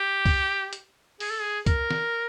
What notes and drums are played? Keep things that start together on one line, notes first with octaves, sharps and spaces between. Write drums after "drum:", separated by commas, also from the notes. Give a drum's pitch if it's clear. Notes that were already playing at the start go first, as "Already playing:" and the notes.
Already playing: G4
drum: kick, open hi-hat
drum: hi-hat
G#4, drum: open hi-hat
A4
G#4
A#4, drum: kick, hi-hat
drum: snare